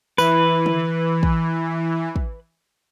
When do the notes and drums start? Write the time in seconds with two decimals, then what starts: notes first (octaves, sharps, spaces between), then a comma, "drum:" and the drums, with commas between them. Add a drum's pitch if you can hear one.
0.18 E3 B4, drum: tambourine
0.66 drum: tom D3
1.23 drum: kick
2.16 drum: kick